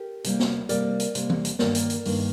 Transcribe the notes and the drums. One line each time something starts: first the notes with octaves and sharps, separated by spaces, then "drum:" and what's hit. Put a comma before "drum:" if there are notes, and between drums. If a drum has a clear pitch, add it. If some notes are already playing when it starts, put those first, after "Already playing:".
Already playing: G4 A#4
C3 G3 A#3, drum: hi-hat
drum: snare
C3 G3 A#3 A#4 D5, drum: hi-hat
drum: hi-hat
C3 G3 A#3, drum: hi-hat
drum: tom E3
drum: hi-hat
G2 D#3 A#3 A#4 D5, drum: snare
drum: hi-hat
drum: hi-hat
G2 D#3 A#3, drum: open hi-hat